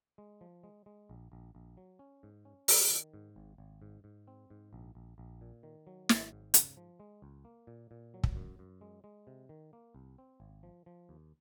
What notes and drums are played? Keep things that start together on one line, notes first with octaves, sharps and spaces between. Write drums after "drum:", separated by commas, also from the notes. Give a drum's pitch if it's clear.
G#3
F3
G#3
G#3
A#1
A#1
A#1
F#3
C#4
G#2
C#4
F#3, drum: open hi-hat
D#3
G#2
G#1
G#1
G#2
G#2
C4
G#2
A#1
A#1
A#1
A#2
D#3
F#3
G#1, drum: snare
G#2
C#3, drum: hi-hat
F3
G#3
C#2
A#3
A#2
A#2
F#3
drum: kick
F#2
F#2
G#3
G#3
C3
D#3
A#3
C2
C4
G#1
F3
F3
D#2